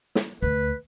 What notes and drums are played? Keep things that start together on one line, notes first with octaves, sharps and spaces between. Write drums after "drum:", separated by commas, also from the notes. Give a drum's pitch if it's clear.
drum: snare
D2 B4